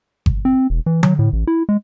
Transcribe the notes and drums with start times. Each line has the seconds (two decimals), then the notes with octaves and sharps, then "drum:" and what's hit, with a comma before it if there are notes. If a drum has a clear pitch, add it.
0.26 drum: kick G1
0.45 C4
0.70 E1
0.86 E3
1.03 F#3, drum: tom D3
1.19 A2
1.33 A1
1.47 E4
1.69 G#3